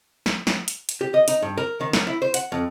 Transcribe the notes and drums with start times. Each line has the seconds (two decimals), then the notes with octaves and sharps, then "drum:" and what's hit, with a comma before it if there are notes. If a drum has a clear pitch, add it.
0.26 drum: snare
0.47 drum: snare
0.68 drum: hi-hat
0.89 drum: hi-hat
1.01 G4
1.14 D#5
1.28 D#4, drum: hi-hat
1.42 G2
1.57 A#4
1.81 D#3
1.93 A#4, drum: snare
2.07 E4
2.22 C5
2.34 F#5, drum: hi-hat
2.52 F2